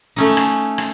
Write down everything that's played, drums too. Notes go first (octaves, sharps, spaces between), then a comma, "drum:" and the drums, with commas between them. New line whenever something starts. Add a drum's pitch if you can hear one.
A3 C#4 D#4
drum: rim click
drum: rim click